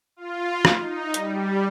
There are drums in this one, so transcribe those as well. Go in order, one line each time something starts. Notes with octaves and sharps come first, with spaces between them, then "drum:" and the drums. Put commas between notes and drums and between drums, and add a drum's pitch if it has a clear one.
F4
drum: rim click
D#4
G3, drum: hi-hat